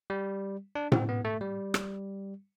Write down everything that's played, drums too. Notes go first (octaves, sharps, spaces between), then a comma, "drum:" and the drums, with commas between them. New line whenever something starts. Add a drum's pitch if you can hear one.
G3
D4
C4, drum: tom A2
B3
A3
G3
drum: rim click